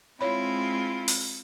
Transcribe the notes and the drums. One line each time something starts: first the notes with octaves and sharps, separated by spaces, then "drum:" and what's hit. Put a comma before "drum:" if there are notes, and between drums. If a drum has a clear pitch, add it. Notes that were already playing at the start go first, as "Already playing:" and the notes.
G#3 C4 E4 F4 C#5 B5
drum: open hi-hat